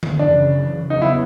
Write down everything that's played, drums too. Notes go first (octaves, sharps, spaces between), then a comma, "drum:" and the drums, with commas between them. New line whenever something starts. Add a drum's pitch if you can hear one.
drum: tom D3
F#2 C#3 E3 D4
E2 C#3 F#3 B3 D#4
E4